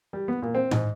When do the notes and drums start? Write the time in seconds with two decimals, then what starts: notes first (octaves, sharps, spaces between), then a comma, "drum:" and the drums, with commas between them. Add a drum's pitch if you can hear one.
0.13 G3
0.28 B3
0.42 A#2
0.55 C4
0.71 G#2, drum: tom A2